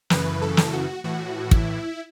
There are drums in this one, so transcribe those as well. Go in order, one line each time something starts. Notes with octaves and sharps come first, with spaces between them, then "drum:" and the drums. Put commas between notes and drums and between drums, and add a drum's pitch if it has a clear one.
F#2 C#3 E3 B4, drum: snare
A4
drum: snare
F#4
A2 E3 F#4
E4, drum: kick